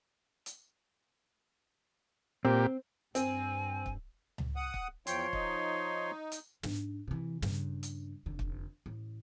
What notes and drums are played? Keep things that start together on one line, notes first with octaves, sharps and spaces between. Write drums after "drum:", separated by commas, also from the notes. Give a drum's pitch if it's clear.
drum: hi-hat
A#2 C4 G4
G2 C4 G#5, drum: hi-hat
drum: kick
drum: tom C#2
F#5 D#6
drum: kick
E2 F3 C#5 G5 C6, drum: hi-hat
D#4, drum: kick
drum: hi-hat
G#2 D4, drum: snare
C3 E3
G2 C#3, drum: snare
drum: hi-hat
F1 D3
drum: kick
A1